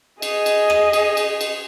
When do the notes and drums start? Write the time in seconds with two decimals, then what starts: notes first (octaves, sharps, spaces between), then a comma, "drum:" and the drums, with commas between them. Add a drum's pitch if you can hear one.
0.22 G#4 D#5, drum: cymbal
0.46 drum: cymbal
0.70 drum: rim click
0.93 drum: cymbal
1.17 drum: cymbal
1.41 drum: cymbal